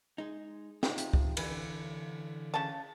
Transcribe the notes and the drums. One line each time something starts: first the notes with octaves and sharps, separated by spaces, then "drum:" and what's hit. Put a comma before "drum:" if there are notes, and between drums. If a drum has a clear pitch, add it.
G#3 D#4
C3 D#4 F4 G4, drum: snare
drum: hi-hat
drum: kick
D3 E3 B4, drum: cymbal
C#3 A5